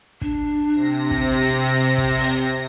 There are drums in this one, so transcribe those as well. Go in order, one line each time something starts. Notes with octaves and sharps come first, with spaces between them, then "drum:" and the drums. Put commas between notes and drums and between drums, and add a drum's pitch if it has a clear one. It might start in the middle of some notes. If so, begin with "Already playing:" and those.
D4, drum: kick
C3 A#6
drum: kick
C4
drum: kick
drum: open hi-hat